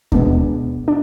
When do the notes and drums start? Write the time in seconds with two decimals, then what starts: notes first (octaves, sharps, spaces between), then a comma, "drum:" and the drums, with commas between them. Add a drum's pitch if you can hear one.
0.12 B2 G#3 B3 D4, drum: kick D#2
0.88 D4